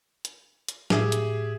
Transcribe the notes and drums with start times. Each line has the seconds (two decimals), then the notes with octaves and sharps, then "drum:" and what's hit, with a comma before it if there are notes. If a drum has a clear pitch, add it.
0.25 drum: hi-hat
0.68 drum: hi-hat
0.90 A2 G4 G#4 E5, drum: snare
1.12 drum: hi-hat